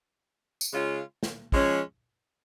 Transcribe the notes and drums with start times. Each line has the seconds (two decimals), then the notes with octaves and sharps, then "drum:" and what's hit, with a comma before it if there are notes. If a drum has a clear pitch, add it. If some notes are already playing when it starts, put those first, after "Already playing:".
0.61 drum: tambourine
0.72 C#3 G#3 C#4 F4
1.23 drum: snare
1.52 F3 G#3 C#4, drum: kick